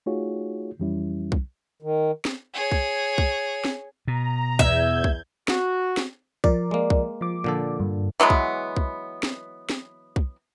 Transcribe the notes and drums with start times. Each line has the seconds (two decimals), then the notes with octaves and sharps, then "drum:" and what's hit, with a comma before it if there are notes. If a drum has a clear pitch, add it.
0.06 A3 D#4 F4 F#4 G#4 C#5
0.79 F2 E3 G3 C#4 E4
1.32 drum: kick B1
1.82 D#3
2.25 drum: snare
2.54 G#4 C#5
2.71 drum: kick B1
3.18 drum: kick B1
3.65 drum: snare
4.08 B2 A#5
4.59 E2 E5 G6 G#6, drum: kick B1
5.04 drum: kick B1
5.48 F#4, drum: snare
5.97 drum: snare
6.44 F3 A#4 D5, drum: kick B1
6.71 G#3 A#3
6.90 drum: kick B1
7.21 F3 D6
7.44 A#2 D3 A4
7.80 G2
8.20 E3 F#3 G#3 B3
8.30 drum: kick B1
8.76 drum: kick B1
9.23 drum: snare
9.70 drum: snare
10.16 drum: kick B1